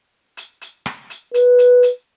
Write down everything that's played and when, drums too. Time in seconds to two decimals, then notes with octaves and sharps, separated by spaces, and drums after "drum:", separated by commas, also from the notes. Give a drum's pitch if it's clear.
0.37 drum: hi-hat
0.61 drum: hi-hat
0.86 drum: rim click
1.10 drum: hi-hat
1.34 B4, drum: hi-hat
1.59 drum: hi-hat
1.83 drum: hi-hat